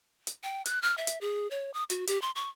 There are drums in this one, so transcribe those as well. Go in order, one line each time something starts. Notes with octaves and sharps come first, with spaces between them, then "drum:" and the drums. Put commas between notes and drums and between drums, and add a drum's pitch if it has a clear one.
drum: hi-hat
G5
F#6, drum: hi-hat
F6
E5
drum: hi-hat
G#4
C#5
D#6
F#4, drum: hi-hat
G4, drum: hi-hat
C6
C#6